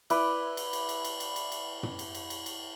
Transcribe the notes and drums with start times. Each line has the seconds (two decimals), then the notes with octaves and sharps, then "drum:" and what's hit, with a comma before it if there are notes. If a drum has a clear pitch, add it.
0.10 E4 B4 D5, drum: cymbal
0.57 drum: cymbal
0.73 drum: cymbal
0.89 drum: cymbal
1.05 drum: cymbal
1.20 drum: cymbal
1.36 drum: cymbal
1.52 drum: cymbal
1.83 drum: tom
1.99 drum: cymbal
2.15 drum: cymbal
2.30 drum: cymbal
2.46 drum: cymbal